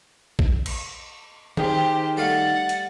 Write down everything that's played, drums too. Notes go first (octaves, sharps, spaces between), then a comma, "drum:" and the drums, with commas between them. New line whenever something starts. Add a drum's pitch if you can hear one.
drum: kick A#1
drum: cymbal
D#3 D#4 G4 G#4 C5, drum: tom D#3
G3 A3 F5 F#5 A6
drum: hi-hat